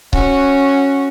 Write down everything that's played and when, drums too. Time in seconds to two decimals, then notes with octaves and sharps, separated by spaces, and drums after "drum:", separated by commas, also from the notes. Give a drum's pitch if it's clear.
0.13 C#4 F#4, drum: kick C#1